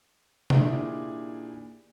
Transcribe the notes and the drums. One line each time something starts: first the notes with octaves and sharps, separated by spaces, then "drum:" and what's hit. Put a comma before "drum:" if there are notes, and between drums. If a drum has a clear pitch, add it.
A#2 D#3 D4 E4 G4 G#4, drum: tom C3